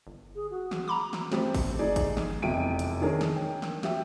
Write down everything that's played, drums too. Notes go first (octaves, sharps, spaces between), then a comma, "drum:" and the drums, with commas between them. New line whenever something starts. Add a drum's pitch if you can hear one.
G1
G#4
F#4
drum: snare
A#5 B5 D6
drum: snare
A3 C4 G4, drum: snare
drum: kick G1, open hi-hat
D#4 G#4 D5
drum: kick G1, hi-hat
drum: snare
F1 E2 E5 G5 D7 D#7
drum: hi-hat
D#3 D4 G#4 A#4 C#5
drum: snare
G5
drum: snare
F#4 G4 E5 G5, drum: snare